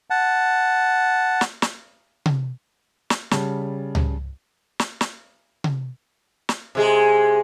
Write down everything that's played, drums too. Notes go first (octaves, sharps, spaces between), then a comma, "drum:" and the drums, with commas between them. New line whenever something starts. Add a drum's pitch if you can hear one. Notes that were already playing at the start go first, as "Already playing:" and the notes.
F#5 A5
drum: snare
drum: snare
drum: tom C3
drum: snare
C#3 G3 A5, drum: snare
drum: tom C#2
drum: snare
drum: snare
drum: tom C3
drum: snare
C3 G#3 G#4